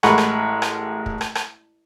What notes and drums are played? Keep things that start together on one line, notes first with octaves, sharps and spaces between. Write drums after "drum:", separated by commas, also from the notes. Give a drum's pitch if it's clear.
A1 G#3 A#4 F#5 B5 C#6, drum: rim click
drum: rim click
drum: rim click
drum: kick
drum: rim click
drum: rim click